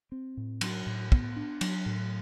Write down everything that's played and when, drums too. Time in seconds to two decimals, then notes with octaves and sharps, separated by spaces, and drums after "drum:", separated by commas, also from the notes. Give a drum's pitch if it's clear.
0.12 C4
0.37 A2
0.61 F#3, drum: cymbal
0.87 A2
1.12 B3, drum: kick
1.36 D4
1.61 F#3, drum: cymbal
1.86 A2